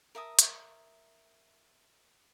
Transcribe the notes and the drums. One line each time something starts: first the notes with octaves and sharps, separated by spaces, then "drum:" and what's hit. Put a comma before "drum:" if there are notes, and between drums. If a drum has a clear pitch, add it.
A#4 E5 A5 D#6
drum: hi-hat